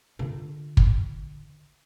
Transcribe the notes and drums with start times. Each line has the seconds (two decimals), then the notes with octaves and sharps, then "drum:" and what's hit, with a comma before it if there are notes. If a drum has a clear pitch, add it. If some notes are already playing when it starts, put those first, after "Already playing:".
0.19 D3 F4
0.77 drum: kick